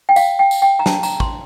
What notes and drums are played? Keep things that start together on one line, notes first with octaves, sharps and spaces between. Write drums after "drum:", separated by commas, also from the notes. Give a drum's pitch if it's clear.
G5
F5, drum: tambourine
G5
drum: tambourine
G5
A#5
A5, drum: snare
A#5, drum: tambourine
C6, drum: kick